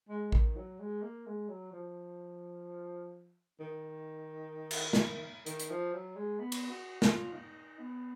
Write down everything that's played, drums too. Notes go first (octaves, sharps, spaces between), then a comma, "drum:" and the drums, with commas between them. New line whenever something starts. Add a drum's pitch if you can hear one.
G#3
D#3, drum: kick A1
F#3
G#3
A#3
G#3
F#3
F3
D#3
drum: cymbal
drum: snare
D#3, drum: hi-hat
drum: hi-hat
F3
F#3
G#3
B3
drum: cymbal
F#4
F4, drum: snare
D#4
B3